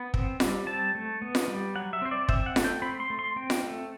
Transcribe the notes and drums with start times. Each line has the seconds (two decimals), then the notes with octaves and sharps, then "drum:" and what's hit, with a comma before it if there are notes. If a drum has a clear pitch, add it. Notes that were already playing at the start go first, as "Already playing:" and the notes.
Already playing: B3 B5
0.14 C4, drum: kick
0.40 G3, drum: snare F4
0.67 C4 A5
0.95 A3
1.22 B3
1.35 drum: snare F4
1.48 G3
1.75 F#3 F#5
1.93 E5
2.02 C4 C5
2.11 D5
2.29 C4 E5, drum: kick
2.46 F#5
2.56 A3, drum: snare F4
2.64 G5
2.82 C4 B5
3.00 C6
3.10 A3
3.19 C6
3.36 C4 G5
3.50 drum: snare F4
3.63 A3